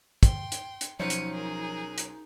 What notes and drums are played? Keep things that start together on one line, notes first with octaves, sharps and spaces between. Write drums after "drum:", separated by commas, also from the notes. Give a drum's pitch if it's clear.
G5 C6, drum: kick, hi-hat
drum: hi-hat
drum: hi-hat
B1 F3 C#4 D#4 C5 C#7 D#7
drum: hi-hat
G#4 A#4
drum: hi-hat